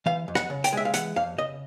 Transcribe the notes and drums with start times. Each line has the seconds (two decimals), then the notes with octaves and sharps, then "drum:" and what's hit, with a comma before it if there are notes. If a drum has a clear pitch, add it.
0.06 E3 F5
0.28 F2
0.35 F#5, drum: rim click
0.50 C#3
0.64 G5, drum: hi-hat
0.72 G#3 E5
0.85 F5
0.94 E3 F#5, drum: hi-hat
1.16 F2 F5
1.38 C#3 D#5